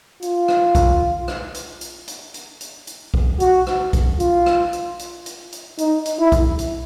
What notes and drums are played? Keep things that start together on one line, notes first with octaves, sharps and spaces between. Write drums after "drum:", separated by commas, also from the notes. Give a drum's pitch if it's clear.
F4, drum: hi-hat
drum: rim click
drum: kick B1, hi-hat
drum: rim click
drum: hi-hat
drum: hi-hat
drum: hi-hat
drum: hi-hat
drum: hi-hat
drum: hi-hat
drum: kick B1
F#4, drum: hi-hat
drum: rim click
drum: kick B1, hi-hat
F4, drum: hi-hat
drum: rim click
drum: hi-hat
drum: hi-hat
drum: hi-hat
drum: hi-hat
D#4, drum: hi-hat
drum: hi-hat
E4
drum: kick B1, hi-hat
drum: hi-hat